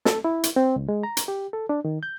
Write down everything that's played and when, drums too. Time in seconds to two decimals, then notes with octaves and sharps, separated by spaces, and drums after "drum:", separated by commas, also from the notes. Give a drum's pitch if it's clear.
0.05 A4, drum: snare
0.25 E4
0.43 drum: hi-hat
0.56 C4
0.76 C#2
0.89 G#3
1.03 A#5
1.17 drum: hi-hat
1.28 G4
1.53 A4
1.69 D4
1.85 D#3
2.03 G6